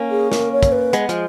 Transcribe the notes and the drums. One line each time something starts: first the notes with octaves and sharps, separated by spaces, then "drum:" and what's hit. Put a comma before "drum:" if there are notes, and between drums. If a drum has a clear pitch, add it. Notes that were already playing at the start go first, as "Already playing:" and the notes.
Already playing: A#3 C#4
G#4
A#4, drum: snare
C#5
drum: kick, hi-hat
B4
G#3 B3, drum: hi-hat
F3 G#3, drum: hi-hat